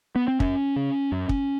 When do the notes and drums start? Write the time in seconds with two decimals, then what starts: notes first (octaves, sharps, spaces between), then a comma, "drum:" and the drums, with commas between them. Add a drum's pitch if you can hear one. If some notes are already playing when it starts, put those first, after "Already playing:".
0.16 B3
0.28 C4
0.40 F#2 C#4, drum: kick
0.76 C#3
1.12 F#2
1.29 drum: kick